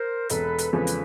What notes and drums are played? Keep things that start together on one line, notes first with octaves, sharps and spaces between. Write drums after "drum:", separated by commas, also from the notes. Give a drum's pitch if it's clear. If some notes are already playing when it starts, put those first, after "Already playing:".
Already playing: A#4 C5
E1 A4 B4, drum: hi-hat
drum: hi-hat
E2 C#3 F3 G#3 A4 B4
drum: hi-hat